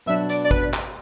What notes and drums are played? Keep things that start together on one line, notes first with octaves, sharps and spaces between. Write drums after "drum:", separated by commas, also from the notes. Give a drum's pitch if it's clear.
B2 F#3 D4 E5
D5, drum: hi-hat
D5
B4, drum: kick G#1
drum: clap